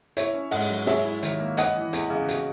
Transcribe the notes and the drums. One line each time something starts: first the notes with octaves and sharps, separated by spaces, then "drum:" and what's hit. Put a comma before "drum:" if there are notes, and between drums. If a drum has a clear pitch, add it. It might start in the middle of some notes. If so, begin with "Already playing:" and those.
E4 C#5 E5, drum: hi-hat
C#4
G#2 D#5 F#5, drum: open hi-hat
F#3
G#4 C#5 E5, drum: snare
E4
D#3, drum: hi-hat
A#3
B3 D#5 F#5, drum: hi-hat
E3
E2, drum: hi-hat
C#3
F#4, drum: hi-hat